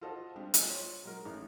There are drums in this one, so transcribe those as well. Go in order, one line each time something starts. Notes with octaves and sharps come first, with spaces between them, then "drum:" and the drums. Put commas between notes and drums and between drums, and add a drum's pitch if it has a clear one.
F4 F#4 A4 C5 D#5 F5
G3 G#3 C4 D4 G4
drum: hi-hat
F4 C#5
F#3 G#3 A#4
A1 D#4